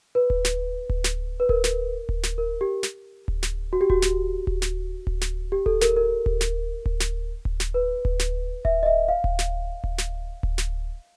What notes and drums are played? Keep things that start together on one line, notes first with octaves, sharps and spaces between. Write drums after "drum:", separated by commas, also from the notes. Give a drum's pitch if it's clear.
B4
drum: kick D1
drum: snare
drum: kick D1
drum: snare
B4
A#4, drum: kick D1
drum: snare
drum: kick D1
drum: snare
A#4
G4
drum: snare
drum: kick D1
drum: snare
F#4
G4
F#4, drum: kick D1
drum: snare
drum: kick D1
drum: snare
drum: kick D1
drum: snare
G4
A4, drum: kick D1
A#4, drum: snare
A#4
drum: kick D1
drum: snare
drum: kick D1
drum: snare
drum: kick D1
drum: snare
B4
drum: kick D1
drum: snare
E5, drum: kick D1
D#5
E5
F5
drum: kick D1
drum: snare
drum: kick D1
drum: snare
drum: kick D1
drum: snare